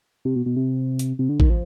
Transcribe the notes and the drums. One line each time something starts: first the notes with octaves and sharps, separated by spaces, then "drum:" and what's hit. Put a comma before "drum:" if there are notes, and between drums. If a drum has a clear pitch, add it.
C3
B2
B2
C3
drum: hi-hat
C3
D3
D#3, drum: kick A1
F3